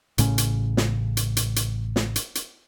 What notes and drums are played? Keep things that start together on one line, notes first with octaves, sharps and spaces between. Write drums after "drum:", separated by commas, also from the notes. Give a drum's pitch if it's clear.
A1 A2 C#3 C#4, drum: hi-hat
drum: hi-hat
drum: snare
drum: hi-hat
drum: hi-hat
drum: hi-hat
drum: snare
drum: hi-hat
drum: hi-hat